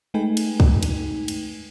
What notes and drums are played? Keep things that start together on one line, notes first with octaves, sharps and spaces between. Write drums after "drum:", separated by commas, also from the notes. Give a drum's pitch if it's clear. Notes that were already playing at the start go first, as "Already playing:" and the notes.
G#3 A3 D#4 B4 G5 G#5
drum: cymbal
drum: kick
drum: cymbal
drum: cymbal